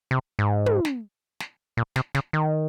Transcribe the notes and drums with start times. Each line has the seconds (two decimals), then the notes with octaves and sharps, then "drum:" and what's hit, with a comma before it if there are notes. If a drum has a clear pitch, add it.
0.11 C3
0.39 G#2
0.66 drum: tom
0.85 drum: snare
1.40 drum: snare
1.77 A#2
1.96 C3, drum: snare
2.15 C#3, drum: snare
2.33 D#3